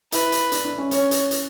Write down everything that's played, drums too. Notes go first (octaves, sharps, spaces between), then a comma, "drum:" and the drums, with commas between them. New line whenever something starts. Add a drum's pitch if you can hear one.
E4 B4, drum: hi-hat
drum: hi-hat
D4, drum: hi-hat
D4
C#4
C#4 C#5, drum: hi-hat
drum: hi-hat
drum: hi-hat